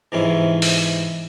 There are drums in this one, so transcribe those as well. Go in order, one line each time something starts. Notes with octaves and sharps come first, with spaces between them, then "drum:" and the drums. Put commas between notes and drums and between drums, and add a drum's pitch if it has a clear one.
G#2 C3 E3 C#4 E4
drum: open hi-hat